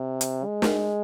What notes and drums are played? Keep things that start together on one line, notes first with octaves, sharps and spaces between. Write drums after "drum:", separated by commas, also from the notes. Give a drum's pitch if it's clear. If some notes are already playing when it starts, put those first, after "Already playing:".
Already playing: C3
drum: hi-hat
G#3
drum: snare